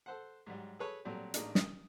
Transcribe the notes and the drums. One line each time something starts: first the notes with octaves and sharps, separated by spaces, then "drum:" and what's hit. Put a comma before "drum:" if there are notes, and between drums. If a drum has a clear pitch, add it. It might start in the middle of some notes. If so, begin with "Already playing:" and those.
A4 C5 F#5
G#2 F#3 G3
G#4 A4 B4 C#5
A#2 F#3 G3 A3 C4
A1 G#3 A#3 D4 D#4, drum: hi-hat
D#6, drum: snare